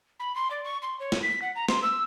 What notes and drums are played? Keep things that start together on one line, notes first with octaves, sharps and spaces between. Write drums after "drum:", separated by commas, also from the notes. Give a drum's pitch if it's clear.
B5
C6
D5
C#6
C6
C#5
drum: snare
B6
F#5
A#5
C6, drum: snare
E6